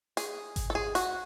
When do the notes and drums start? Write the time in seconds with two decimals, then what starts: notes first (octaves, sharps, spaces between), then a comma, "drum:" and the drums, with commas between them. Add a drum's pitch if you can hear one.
0.17 G#4, drum: hi-hat
0.56 drum: kick G#1, hi-hat
0.70 A4
0.75 G#4
0.95 F#4, drum: hi-hat